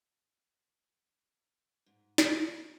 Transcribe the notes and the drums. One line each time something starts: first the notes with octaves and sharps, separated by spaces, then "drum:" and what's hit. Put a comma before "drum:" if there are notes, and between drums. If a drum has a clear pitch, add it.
G#2
F5, drum: snare
E2